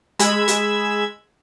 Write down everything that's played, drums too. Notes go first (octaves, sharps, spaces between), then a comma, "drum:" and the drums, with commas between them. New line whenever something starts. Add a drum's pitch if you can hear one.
G#3 B5 E6 G#6, drum: hi-hat
drum: hi-hat